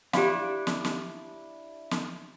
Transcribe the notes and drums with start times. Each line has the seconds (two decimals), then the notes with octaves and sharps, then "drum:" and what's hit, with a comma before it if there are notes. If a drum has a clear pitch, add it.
0.13 D4 E4 G4 F5, drum: snare
0.67 drum: snare
0.85 drum: snare
1.91 drum: snare